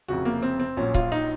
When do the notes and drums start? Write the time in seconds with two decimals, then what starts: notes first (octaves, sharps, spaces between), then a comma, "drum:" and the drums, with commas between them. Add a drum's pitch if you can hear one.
0.08 F1 F2 C#3 F#4
0.25 A#3
0.43 C4
0.60 C4
0.77 A#1 A#2 F#3 C#4
0.94 F4, drum: kick C#1
1.12 D#4